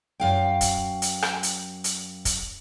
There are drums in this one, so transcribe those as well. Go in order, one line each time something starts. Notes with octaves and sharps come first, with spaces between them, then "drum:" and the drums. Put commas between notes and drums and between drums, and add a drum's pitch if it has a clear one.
F#2 F5 G5
drum: kick, hi-hat
drum: hi-hat
drum: rim click
drum: hi-hat
drum: hi-hat
drum: kick, hi-hat